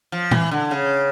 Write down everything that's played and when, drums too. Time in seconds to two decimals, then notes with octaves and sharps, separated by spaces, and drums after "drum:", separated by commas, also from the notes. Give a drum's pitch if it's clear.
0.12 F3
0.31 E3, drum: tom A#2
0.51 D3
0.71 C#3